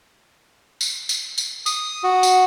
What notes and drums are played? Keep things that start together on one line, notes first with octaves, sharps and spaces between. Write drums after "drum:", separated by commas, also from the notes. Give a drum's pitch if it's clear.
drum: tambourine
drum: tambourine
drum: tambourine
D#6, drum: tambourine
F#4
drum: tambourine